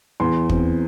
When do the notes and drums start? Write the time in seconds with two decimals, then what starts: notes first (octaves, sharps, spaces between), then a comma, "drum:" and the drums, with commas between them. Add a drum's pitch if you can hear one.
0.20 E2 C6
0.50 C4, drum: kick